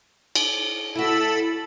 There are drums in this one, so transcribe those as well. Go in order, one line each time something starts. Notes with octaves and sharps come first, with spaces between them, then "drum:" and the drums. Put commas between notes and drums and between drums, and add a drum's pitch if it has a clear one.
drum: cymbal
E4 F#4 A4 B5 E6